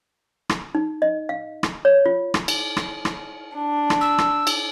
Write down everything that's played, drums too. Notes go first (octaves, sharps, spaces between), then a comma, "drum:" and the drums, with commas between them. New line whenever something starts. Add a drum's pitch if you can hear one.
drum: rim click
D#4
D#5
F5
drum: rim click
C#5
F4
drum: rim click
drum: cymbal
drum: rim click
drum: rim click
D4
drum: rim click
E6
drum: rim click
drum: cymbal